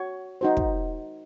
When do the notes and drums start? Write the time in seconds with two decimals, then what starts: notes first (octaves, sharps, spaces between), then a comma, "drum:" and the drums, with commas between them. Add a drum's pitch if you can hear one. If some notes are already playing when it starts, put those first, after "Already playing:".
Already playing: F#4 C#5
0.41 D#4 F#4 C5
0.57 drum: kick